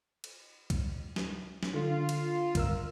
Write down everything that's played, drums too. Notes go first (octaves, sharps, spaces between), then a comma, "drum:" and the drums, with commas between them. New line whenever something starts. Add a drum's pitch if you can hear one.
drum: cymbal
drum: kick C2, cymbal
drum: snare
drum: snare
D3 F4
drum: cymbal
G1 A#4 E6, drum: kick C2, cymbal